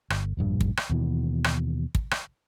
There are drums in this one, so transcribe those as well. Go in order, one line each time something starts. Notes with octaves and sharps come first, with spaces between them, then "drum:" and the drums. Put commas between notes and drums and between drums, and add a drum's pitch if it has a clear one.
G1, drum: rim click
E1 A#1 G2
drum: kick
drum: rim click
D#2 B2 E3
drum: rim click
drum: kick
drum: rim click